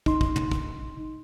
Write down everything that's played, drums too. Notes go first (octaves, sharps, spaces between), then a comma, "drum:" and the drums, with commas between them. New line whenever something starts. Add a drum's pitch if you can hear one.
D#4 C6, drum: kick
drum: kick
drum: tom
drum: kick